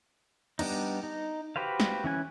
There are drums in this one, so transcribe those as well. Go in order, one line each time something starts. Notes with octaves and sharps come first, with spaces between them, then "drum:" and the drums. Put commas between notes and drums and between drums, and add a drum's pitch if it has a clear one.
G3 B3 D4 D#4, drum: cymbal
D#4
F#4 G4 B4 C5 F5
drum: snare
E3 C#4 G#5 F#6